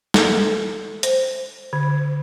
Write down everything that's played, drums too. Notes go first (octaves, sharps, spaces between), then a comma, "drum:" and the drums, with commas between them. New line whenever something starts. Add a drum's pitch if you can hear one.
A4, drum: snare
C5, drum: hi-hat
D3